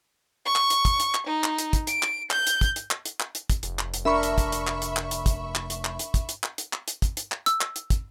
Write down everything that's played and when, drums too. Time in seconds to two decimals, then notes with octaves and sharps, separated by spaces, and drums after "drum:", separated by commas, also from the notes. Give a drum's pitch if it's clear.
0.45 C#6
0.56 drum: clap
0.70 drum: hi-hat
0.85 drum: kick, hi-hat
1.00 drum: hi-hat
1.14 drum: clap
1.26 D#4
1.44 drum: clap
1.58 drum: hi-hat
1.73 drum: kick, hi-hat
1.87 D7, drum: hi-hat
2.03 drum: clap
2.31 G6, drum: clap
2.47 drum: hi-hat
2.61 drum: kick, hi-hat
2.76 drum: hi-hat
2.91 drum: clap
3.05 drum: hi-hat
3.20 drum: clap
3.35 drum: hi-hat
3.50 drum: kick, hi-hat
3.63 F1, drum: hi-hat
3.79 drum: clap
3.94 drum: hi-hat
4.05 D4 A#4 E5 B5 C#6
4.23 drum: hi-hat
4.38 drum: kick, hi-hat
4.52 drum: hi-hat
4.67 drum: clap
4.82 drum: hi-hat
4.97 drum: clap
5.11 drum: hi-hat
5.26 drum: kick, hi-hat
5.55 drum: clap
5.70 drum: hi-hat
5.85 drum: clap
5.99 drum: hi-hat
6.14 drum: kick, hi-hat
6.29 drum: hi-hat
6.43 drum: clap
6.58 drum: hi-hat
6.73 drum: clap
6.88 drum: hi-hat
7.02 drum: kick, hi-hat
7.17 drum: hi-hat
7.32 drum: clap
7.46 E6, drum: hi-hat
7.61 drum: clap
7.76 drum: hi-hat
7.90 drum: kick, hi-hat